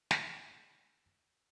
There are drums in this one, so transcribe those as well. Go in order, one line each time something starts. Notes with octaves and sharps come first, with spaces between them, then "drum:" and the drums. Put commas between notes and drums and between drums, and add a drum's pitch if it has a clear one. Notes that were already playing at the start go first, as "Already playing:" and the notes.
E7, drum: snare